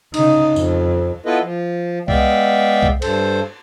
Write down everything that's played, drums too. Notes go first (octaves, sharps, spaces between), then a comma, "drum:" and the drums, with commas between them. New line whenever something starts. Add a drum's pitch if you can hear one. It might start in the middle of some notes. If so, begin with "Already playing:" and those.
C#3 D#4, drum: cymbal
F2, drum: tambourine
B3 E4 F4 A4 B4 D#5
F3
G#3 B3 D5 E5 F5 G5, drum: kick C2
drum: kick C2
G2 A4 C5, drum: cymbal